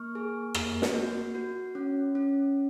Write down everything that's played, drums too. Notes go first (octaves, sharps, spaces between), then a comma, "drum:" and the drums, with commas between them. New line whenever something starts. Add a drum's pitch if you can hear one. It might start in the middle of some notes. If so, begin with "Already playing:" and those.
Already playing: A#3 C#6 F6
G#4
A#3, drum: rim click
drum: snare
F#4
F#4
C#4
C#4